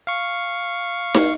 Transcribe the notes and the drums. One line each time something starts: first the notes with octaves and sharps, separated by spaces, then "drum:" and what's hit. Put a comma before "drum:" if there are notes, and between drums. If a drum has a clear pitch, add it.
F5 C#6
drum: snare